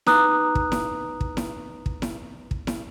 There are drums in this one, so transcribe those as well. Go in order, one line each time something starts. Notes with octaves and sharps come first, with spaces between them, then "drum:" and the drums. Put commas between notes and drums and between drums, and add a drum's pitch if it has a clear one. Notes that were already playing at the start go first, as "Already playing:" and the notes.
D#4 B4 A#5 D6 D#6 F#6, drum: snare E4
drum: kick
drum: snare E4
drum: kick
drum: snare E4
drum: kick
drum: snare E4
drum: kick
drum: snare E4